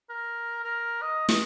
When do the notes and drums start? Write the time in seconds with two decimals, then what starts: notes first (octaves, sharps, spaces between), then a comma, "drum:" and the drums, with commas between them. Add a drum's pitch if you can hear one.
0.10 A#4
0.64 A#4
1.02 D#5
1.29 D#5, drum: snare